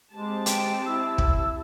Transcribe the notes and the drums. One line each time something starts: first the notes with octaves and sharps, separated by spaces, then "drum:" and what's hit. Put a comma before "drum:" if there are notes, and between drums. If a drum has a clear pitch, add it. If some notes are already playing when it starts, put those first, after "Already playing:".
G#3 C4 G4 A5
G5, drum: hi-hat
E4 E6
drum: kick